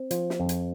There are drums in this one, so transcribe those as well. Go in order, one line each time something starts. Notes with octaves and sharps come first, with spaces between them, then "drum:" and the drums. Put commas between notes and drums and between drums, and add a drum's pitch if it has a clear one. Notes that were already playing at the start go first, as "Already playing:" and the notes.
Already playing: C4
F3, drum: hi-hat
drum: snare
F2
drum: hi-hat